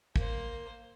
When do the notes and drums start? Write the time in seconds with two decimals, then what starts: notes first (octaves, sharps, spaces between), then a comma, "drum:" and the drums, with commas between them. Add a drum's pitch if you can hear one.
0.16 A#3 C5, drum: kick